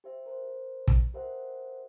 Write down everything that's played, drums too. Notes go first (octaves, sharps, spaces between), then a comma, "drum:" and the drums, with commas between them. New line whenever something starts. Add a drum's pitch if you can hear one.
G4 C5 E5
A#4 C5
drum: kick
G4 A#4 C5 D#5 E5 F#5